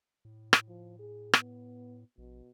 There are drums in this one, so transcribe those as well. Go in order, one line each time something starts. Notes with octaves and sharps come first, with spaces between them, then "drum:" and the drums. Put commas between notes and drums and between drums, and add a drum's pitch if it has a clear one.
A2
drum: rim click
F3
G#4
B3, drum: rim click
A#1 B2